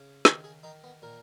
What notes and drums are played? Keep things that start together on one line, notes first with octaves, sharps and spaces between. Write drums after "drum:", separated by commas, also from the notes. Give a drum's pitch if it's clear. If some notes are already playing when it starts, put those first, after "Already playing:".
Already playing: C#3
D#3 A#4, drum: snare
G#4
D#3 D#4
B3
A#2 A#4